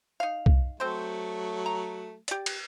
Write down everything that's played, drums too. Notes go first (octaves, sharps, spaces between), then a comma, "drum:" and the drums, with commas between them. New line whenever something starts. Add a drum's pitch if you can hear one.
D#4 F5
drum: kick
F#3 A3 C4 C5
A#5
G4 D5, drum: hi-hat
drum: cymbal